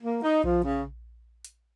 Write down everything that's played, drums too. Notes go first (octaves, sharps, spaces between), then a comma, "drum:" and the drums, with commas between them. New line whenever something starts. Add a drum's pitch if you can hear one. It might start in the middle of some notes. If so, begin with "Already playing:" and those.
A#3
D#4
F3, drum: kick A#1
C#3
drum: hi-hat